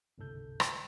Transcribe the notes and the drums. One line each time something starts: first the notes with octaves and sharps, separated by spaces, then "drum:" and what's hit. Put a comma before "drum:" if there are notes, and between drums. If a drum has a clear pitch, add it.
G1 C#2 G#2 C3 A4 G6
drum: rim click